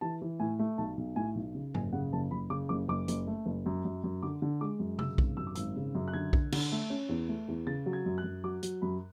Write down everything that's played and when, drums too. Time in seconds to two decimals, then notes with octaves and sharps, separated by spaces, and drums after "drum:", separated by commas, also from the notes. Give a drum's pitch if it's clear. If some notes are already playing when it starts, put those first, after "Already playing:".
0.01 E3 A5
0.22 E3
0.40 A2 G#5
0.59 A3
0.78 B1 A5
0.97 B1
1.16 A2 G#5
1.35 B1
1.55 C#3
1.74 F#1 G#5, drum: tom G#2
1.93 C#3 F#5
2.13 F#1 A5
2.31 F#1 B5
2.50 C#3 D6
2.69 F#1 D6
2.88 F#1 D6
3.08 F#1, drum: hi-hat
3.27 A3
3.46 F#1
3.66 F#2
3.85 F#2
4.04 F#2
4.23 D3 D6
4.42 D3
4.61 G#3 D6
4.80 F#2
4.99 C#3 E6, drum: tom C3
5.18 G#1, drum: kick B1
5.37 F#2 E6
5.47 D6
5.55 G#1 E6, drum: hi-hat
5.76 C#3
5.95 F#2
6.08 F#6
6.13 D3 G#6
6.33 D3, drum: kick B1
6.52 D3, drum: cymbal
6.72 A3
6.90 C#4
7.09 E2
7.29 A3
7.48 E2
7.67 C#3 A6
7.86 F#3
7.93 G#6
8.06 F#2
8.18 F#6
8.24 F#2
8.44 F#3 D6
8.63 F#3, drum: hi-hat
8.82 F#2 B5